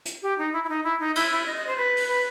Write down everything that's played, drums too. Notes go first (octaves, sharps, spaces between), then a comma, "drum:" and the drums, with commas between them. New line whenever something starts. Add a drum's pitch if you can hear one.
drum: hi-hat
G4
D#4
E4
E4
D#4
E4
D#4
E4, drum: cymbal
E4
D#5
D#5
C5
B4
drum: open hi-hat
B4